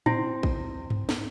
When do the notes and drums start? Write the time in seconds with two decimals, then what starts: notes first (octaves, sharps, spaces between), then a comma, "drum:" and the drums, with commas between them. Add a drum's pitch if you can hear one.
0.06 C4 E4, drum: tom A2
0.43 drum: kick A#1
0.90 drum: tom G2
1.09 drum: snare